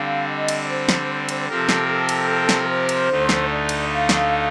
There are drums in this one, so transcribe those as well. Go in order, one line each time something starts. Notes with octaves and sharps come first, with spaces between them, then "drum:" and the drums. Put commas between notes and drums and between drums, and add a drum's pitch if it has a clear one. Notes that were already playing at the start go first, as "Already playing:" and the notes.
Already playing: D3 G3 C4 F5
D#5
drum: cymbal
C5
drum: snare
drum: cymbal
C3 F3 C4 G4 A4 A#4
drum: snare
A4
drum: cymbal
drum: snare
C5
drum: cymbal
D2 D3 A3 D#4
drum: snare
D5
drum: cymbal
F5
drum: snare